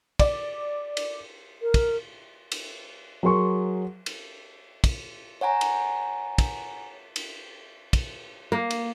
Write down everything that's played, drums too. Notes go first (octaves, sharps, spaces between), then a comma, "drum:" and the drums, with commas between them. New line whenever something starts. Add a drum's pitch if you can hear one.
D5, drum: kick, cymbal
drum: cymbal
A#4
drum: kick, cymbal
drum: cymbal
F#3 G#4 A#4 C6 C#6
drum: cymbal
drum: kick, cymbal
C#5 F#5 G#5 A#5
drum: cymbal
drum: kick, cymbal
drum: cymbal
drum: kick, cymbal
A#3
drum: cymbal